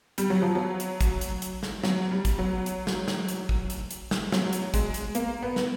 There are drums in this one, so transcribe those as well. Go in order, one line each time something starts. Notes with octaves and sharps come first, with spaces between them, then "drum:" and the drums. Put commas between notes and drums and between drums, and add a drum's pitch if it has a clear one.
G3, drum: hi-hat
F#3
F3
F#3
drum: hi-hat
drum: kick, hi-hat
drum: hi-hat
drum: hi-hat
drum: snare
F#3, drum: snare
G3
drum: kick, hi-hat
F#3
drum: hi-hat
drum: snare
drum: snare
drum: hi-hat
drum: kick
drum: hi-hat
drum: hi-hat
drum: snare
F#3, drum: snare
drum: hi-hat
G#3, drum: kick, hi-hat
drum: hi-hat
A#3, drum: hi-hat
B3
drum: snare